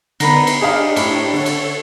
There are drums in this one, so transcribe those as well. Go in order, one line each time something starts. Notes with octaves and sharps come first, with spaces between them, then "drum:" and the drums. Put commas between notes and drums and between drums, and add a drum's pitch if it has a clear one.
D3 B3 D#4 A#4 B5, drum: cymbal
drum: cymbal
D4 G4 G#4 D#5 F5
A2, drum: cymbal
D3 A4 C#5
drum: cymbal